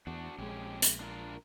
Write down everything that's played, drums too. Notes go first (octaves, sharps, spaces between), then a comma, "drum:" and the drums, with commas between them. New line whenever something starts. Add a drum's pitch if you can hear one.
E2 D4 F#4
A#1 F2 G#3 C#4 G4
drum: hi-hat
D4 F4 A#4